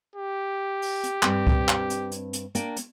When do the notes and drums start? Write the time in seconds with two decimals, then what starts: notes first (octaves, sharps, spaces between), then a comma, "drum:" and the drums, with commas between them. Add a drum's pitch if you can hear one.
0.16 G4
0.82 drum: open hi-hat
1.04 drum: hi-hat
1.22 G2 C4, drum: clap
1.47 drum: kick C#2
1.68 drum: clap
1.90 drum: hi-hat
2.12 drum: hi-hat
2.33 drum: hi-hat
2.55 A#3 D4 G5, drum: hi-hat
2.76 drum: hi-hat